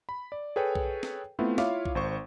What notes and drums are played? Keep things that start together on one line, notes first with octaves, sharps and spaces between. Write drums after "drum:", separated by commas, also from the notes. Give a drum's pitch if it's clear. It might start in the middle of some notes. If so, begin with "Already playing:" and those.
B5
D5
G#4 A4 B4 C#5 G5
drum: kick B1
drum: snare
A3 B3 C4 E4 F4
E4 F4 C#5 E5 F5 D6, drum: snare
drum: kick B1
G#1 C5 C#6